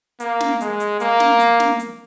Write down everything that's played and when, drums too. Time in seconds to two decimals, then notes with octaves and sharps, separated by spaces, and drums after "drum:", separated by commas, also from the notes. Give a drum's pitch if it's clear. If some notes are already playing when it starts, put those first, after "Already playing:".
0.20 A#3, drum: hi-hat
0.40 drum: snare
0.61 G#3, drum: hi-hat
0.80 drum: hi-hat
1.00 A#3, drum: hi-hat
1.20 drum: snare
1.40 drum: hi-hat
1.60 drum: snare
1.80 drum: hi-hat